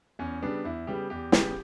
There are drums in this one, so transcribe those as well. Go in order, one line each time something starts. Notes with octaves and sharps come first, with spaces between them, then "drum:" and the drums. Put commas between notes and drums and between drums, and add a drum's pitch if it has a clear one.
E2 C#4
C#3 G3 B3 D4
E2 E4
C#3 G3 B3 G4
E2 G4
C#3 G3 B3 G4, drum: snare